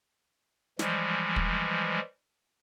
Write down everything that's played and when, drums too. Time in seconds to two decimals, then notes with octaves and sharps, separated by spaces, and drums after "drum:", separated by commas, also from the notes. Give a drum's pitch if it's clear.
0.79 E3 F3 G3 G#3, drum: snare
1.36 drum: kick